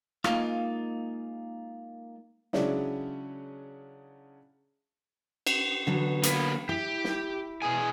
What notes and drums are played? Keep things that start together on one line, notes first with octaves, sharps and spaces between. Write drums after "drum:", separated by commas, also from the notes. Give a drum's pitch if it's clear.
G#3 A#3 D#4 F4 F5, drum: rim click
C#3 F#3 G#3 C#4 D4 E4, drum: snare
drum: cymbal
D3 F#3 B3
A#3 B4, drum: hi-hat
E4 G4
drum: snare
B2 G#4 G#5